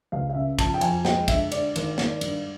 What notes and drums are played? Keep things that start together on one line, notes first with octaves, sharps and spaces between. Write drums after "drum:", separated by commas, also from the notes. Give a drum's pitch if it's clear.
C#2 F5
F5
C#3 E5
F3 A5, drum: kick, cymbal
G5
F2 G#5, drum: cymbal
G#3 G5, drum: snare
D3 E5, drum: kick, cymbal
D3 D5, drum: cymbal
G#1, drum: cymbal
G#1, drum: snare
G2, drum: cymbal